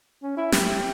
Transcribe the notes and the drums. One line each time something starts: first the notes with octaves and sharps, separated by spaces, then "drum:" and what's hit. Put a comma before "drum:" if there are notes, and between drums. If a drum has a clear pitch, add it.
C#4
E4
G4, drum: snare